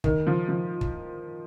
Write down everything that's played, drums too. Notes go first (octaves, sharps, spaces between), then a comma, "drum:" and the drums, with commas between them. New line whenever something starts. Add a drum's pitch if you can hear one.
D#3, drum: kick
F3
F3
drum: kick